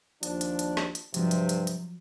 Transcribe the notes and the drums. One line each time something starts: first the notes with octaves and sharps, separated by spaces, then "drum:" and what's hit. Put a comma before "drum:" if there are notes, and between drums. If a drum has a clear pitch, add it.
D#2 F3 D4, drum: hi-hat
drum: hi-hat
drum: hi-hat
drum: snare
drum: hi-hat
G2 C3 F3 F#3, drum: hi-hat
drum: hi-hat
drum: hi-hat
drum: hi-hat